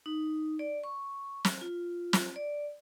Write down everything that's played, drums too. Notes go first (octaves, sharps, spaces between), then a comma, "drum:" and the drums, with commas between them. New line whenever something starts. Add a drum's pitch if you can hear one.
D#4
D5
C#6
drum: snare
F4
drum: snare
D5